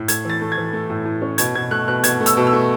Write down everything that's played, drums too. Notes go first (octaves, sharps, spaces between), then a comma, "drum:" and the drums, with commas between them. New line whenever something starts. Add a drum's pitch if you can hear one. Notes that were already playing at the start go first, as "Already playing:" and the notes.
Already playing: A2
A3 G#6, drum: hi-hat
E3 A6
A3
G#6
E3
A3
A2
A2
C#4
B2 G#6, drum: hi-hat
B2 G#6
A3 F#6
B2 F#6
B2 G#6, drum: hi-hat
A3
E6, drum: hi-hat
B2
E6
A3